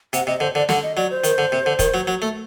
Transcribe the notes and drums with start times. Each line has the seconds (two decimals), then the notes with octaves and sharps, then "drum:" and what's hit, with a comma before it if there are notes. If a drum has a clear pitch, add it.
0.13 C3 F#5, drum: hi-hat
0.27 C3 D#5
0.40 D3 C5
0.55 D3 D5
0.69 D3 F#5, drum: snare
0.83 D#5
0.97 F#3 D5
1.11 C5
1.24 D#3, drum: hi-hat
1.38 D3
1.52 C3
1.66 D3
1.79 D#3, drum: kick, hi-hat
1.94 F#3
2.07 F#3
2.22 A3